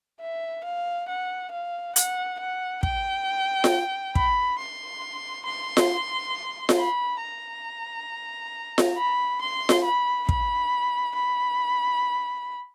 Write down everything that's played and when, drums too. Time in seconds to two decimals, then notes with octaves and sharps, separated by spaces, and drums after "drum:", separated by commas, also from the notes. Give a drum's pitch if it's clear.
0.21 E5
0.64 F5
1.09 F#5
1.52 F5
1.96 F#5, drum: hi-hat
2.40 F#5
2.83 G5, drum: kick
3.64 drum: snare F4
4.15 B5, drum: kick
4.59 C6
5.46 C6
5.77 drum: snare F4
6.69 drum: snare F4
6.78 B5
7.21 A#5
8.78 drum: snare F4
8.97 B5
9.41 C6
9.69 drum: snare F4
9.84 B5
10.29 B5, drum: kick
11.15 B5